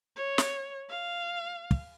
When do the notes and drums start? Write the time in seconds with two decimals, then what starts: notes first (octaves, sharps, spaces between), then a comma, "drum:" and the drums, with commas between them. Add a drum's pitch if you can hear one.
0.16 C#5
0.38 drum: snare
0.89 F5
1.71 drum: kick